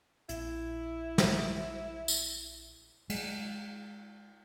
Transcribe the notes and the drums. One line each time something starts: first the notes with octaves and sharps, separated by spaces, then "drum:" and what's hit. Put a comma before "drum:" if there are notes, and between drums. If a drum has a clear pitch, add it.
A#1 E4, drum: hi-hat
drum: snare
drum: tambourine
G#3, drum: cymbal